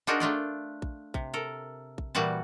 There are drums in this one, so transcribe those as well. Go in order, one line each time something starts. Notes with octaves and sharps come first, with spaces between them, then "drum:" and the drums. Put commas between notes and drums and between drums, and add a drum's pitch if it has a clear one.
D4 D#4 F4 F#4 G#4 A#4
A3 D4 F4 D5
drum: kick A#1
C3, drum: kick A#1
A4 A#4
drum: kick A#1
A#2 E3 G3 F#4 F#5 A5